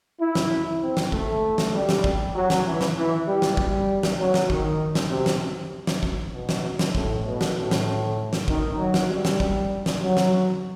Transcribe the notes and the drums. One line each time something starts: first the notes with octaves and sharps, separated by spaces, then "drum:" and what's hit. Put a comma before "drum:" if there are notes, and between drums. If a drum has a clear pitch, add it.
E4
drum: snare
C4
drum: snare
A3, drum: kick
drum: snare
G3
drum: snare
drum: kick
F#3
drum: snare
E3
drum: snare
E3
G3
drum: snare
G3, drum: kick
drum: snare
F#3
drum: snare
D#3, drum: kick
drum: snare
C3
drum: snare
drum: snare
drum: kick
B2
drum: snare
drum: snare
A2, drum: kick
B2
drum: snare
A2
drum: snare
drum: snare
D#3, drum: kick
F#3
drum: snare
G3
drum: snare
drum: kick
drum: snare
F#3
drum: snare